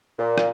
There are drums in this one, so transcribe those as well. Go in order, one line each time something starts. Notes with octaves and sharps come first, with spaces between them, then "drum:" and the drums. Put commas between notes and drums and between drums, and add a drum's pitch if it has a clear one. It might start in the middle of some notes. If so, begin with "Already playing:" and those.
A#2
drum: rim click